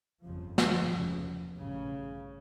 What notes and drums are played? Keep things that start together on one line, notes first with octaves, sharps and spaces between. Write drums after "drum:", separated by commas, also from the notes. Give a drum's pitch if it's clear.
G1 F2 C#3 F3
F3, drum: snare
F1 E2 C#3
A1 G2 C#3